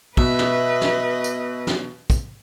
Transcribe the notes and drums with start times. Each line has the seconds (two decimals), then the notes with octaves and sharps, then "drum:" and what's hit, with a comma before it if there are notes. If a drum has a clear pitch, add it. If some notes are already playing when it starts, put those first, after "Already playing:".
0.17 B2 B4 D#5 E5, drum: kick
0.39 drum: snare
0.81 drum: snare
1.24 drum: tambourine
1.67 drum: snare
2.10 drum: kick, tambourine